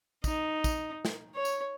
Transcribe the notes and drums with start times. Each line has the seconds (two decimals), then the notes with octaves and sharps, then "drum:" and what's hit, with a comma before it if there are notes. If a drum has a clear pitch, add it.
0.24 D#4, drum: kick, tambourine
0.64 drum: kick, tambourine
1.05 drum: snare
1.35 C#5
1.45 drum: tambourine